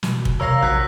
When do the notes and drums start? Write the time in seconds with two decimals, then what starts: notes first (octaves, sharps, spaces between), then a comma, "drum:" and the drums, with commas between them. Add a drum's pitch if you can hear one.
0.03 B2, drum: snare
0.25 drum: kick
0.40 C3 A#4 C#5 F5 E6 A#6
0.62 A#1 F#3 F#6 B6